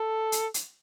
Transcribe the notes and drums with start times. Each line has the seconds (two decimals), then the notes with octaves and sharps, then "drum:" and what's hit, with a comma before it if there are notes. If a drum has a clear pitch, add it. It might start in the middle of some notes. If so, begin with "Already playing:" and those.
Already playing: A4
0.32 drum: hi-hat
0.54 drum: hi-hat